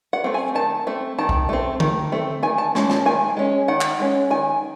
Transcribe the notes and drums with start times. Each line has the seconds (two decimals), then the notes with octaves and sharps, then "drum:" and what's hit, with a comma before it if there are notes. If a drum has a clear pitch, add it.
0.13 F#5
0.24 A3 C4
0.34 G#5
0.55 D#3 A5
0.87 A3 C4
1.18 D#3 A5
1.29 drum: kick
1.49 A3 C4
1.80 D#3, drum: tom D3
2.12 A3 C4
2.43 D#3 G#5
2.58 A5
2.75 G#3 C#4, drum: snare
2.90 A5, drum: snare
3.06 D#3 G#5
3.37 G#3 C#4
3.68 D#3 F#5
3.81 drum: clap
3.99 G#3 C#4
4.30 D#3 G#5